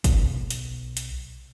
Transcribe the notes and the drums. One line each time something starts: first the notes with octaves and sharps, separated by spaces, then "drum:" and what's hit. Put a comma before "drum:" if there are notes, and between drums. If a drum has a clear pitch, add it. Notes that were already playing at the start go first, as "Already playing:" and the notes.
B1, drum: kick, hi-hat
drum: hi-hat
drum: hi-hat